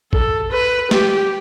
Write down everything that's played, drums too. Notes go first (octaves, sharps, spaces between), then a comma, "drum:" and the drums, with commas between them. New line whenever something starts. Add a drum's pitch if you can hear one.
A4, drum: kick A#1
B4
G4, drum: snare